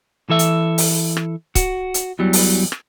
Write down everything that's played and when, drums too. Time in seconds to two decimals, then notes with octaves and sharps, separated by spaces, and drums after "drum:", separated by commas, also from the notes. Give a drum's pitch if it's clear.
0.30 E3 A4 E5
0.39 drum: hi-hat
0.78 drum: open hi-hat
1.17 drum: rim click
1.55 F#4, drum: kick C#1, hi-hat
1.94 drum: hi-hat
2.19 E2 E3 F#3 G3
2.33 drum: open hi-hat
2.72 drum: rim click